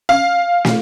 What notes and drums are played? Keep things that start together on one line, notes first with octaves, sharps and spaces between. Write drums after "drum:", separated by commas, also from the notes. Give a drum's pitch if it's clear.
F5
drum: snare